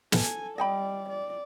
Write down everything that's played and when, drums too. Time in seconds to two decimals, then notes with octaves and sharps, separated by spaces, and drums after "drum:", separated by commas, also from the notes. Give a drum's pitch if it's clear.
0.12 A4 G#5, drum: snare
0.58 G3 D5 D#5 G5 B5
1.09 D5